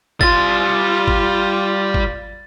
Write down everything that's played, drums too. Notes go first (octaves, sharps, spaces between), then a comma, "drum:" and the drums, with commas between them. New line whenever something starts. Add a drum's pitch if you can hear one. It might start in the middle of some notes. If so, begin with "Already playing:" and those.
G3 F4 C6 A6, drum: kick G1
drum: kick G1
drum: kick G1